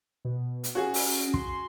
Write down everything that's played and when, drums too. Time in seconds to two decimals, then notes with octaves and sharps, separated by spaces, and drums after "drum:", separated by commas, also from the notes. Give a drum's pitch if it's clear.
0.25 B2
0.64 drum: hi-hat
0.75 C#4 F#4 G#4
0.94 drum: open hi-hat
1.34 C6, drum: kick